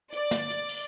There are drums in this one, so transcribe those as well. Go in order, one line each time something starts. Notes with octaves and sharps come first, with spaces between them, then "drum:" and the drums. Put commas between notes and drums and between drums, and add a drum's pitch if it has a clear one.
D5, drum: hi-hat
drum: snare
drum: hi-hat
drum: open hi-hat